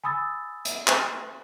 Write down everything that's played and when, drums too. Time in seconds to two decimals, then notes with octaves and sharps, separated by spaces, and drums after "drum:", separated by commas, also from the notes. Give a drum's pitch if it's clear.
0.04 G#5 B5 D#6 E6 A6
0.65 drum: hi-hat
0.87 drum: clap